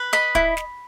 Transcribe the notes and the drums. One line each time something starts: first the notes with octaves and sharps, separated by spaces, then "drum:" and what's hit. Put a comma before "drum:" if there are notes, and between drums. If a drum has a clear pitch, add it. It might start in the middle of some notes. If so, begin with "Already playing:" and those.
Already playing: B4
D#5 B5
E4, drum: kick
drum: snare